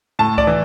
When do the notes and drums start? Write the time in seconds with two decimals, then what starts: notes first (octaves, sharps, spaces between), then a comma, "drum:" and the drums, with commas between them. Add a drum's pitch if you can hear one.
0.19 A2 A5
0.38 D5, drum: kick
0.47 E3